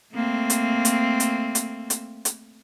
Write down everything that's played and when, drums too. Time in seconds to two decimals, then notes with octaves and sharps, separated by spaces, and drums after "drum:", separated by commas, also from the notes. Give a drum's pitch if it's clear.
0.15 A3 A#3 C4
0.50 drum: hi-hat
0.85 drum: hi-hat
1.20 drum: hi-hat
1.55 drum: hi-hat
1.90 drum: hi-hat
2.25 drum: hi-hat